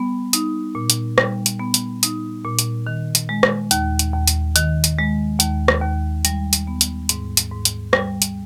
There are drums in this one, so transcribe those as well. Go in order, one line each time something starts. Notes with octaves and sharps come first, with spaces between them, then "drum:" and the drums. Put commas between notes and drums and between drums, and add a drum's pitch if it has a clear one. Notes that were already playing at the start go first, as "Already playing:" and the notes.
Already playing: G3 B3
D#4, drum: hi-hat
A#2
drum: hi-hat
G3, drum: rim click
drum: hi-hat
B3
drum: hi-hat
D#4, drum: hi-hat
A#2
drum: hi-hat
D#3
drum: hi-hat
G#3
drum: rim click
D#2, drum: hi-hat
drum: hi-hat
D#2
drum: hi-hat
D#3, drum: hi-hat
drum: hi-hat
G#3
D#2, drum: hi-hat
drum: rim click
D#2
G3, drum: hi-hat
drum: hi-hat
B3
drum: hi-hat
G#2, drum: hi-hat
drum: hi-hat
G#2
drum: hi-hat
G3, drum: rim click
drum: hi-hat